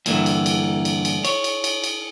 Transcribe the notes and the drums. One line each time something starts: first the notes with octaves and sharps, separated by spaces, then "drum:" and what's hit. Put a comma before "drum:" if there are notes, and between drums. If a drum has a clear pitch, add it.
G2 A#2 D3 E3, drum: cymbal
drum: cymbal
drum: cymbal
drum: cymbal
drum: cymbal
C#5, drum: cymbal
drum: cymbal
drum: cymbal
drum: cymbal